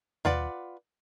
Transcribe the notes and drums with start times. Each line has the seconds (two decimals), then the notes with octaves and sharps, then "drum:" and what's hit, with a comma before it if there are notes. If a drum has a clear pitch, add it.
0.25 F4 B4 D5 F#5, drum: tom D#2